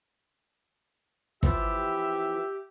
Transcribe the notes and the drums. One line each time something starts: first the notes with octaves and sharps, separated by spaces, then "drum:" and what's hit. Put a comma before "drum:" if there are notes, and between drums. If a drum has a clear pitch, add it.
E3 F3 B3 G4 E5, drum: kick